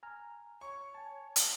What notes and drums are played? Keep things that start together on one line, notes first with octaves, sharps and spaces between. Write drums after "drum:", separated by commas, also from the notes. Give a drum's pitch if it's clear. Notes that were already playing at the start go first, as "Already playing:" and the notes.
G#5 A#5 F6
C#5 C#6
G#5 A5
drum: hi-hat